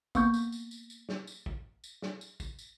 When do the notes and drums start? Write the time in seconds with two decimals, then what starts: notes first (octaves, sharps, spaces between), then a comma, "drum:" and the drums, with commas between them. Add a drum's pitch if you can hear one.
0.15 A#3 B3 C#6 G6, drum: kick, tambourine
0.34 drum: tambourine
0.52 drum: tambourine
0.71 drum: tambourine
0.90 drum: tambourine
1.09 drum: snare
1.27 drum: tambourine
1.46 drum: kick
1.84 drum: tambourine
2.02 drum: snare
2.21 drum: tambourine
2.40 drum: kick, tambourine
2.59 drum: tambourine